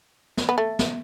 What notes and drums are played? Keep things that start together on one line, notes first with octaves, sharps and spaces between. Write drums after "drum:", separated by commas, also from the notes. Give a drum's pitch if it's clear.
drum: snare
B3
A3
drum: snare